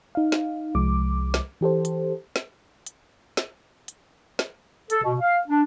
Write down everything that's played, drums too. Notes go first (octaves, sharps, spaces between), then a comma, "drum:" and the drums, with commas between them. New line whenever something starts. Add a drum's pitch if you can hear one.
D#4 F5
drum: snare
C2 F3 G#3 D6
drum: snare
E3 G4 A4 C5
drum: hi-hat
drum: snare
drum: hi-hat
drum: snare
drum: hi-hat
drum: snare
A4, drum: hi-hat
B2
F5
D4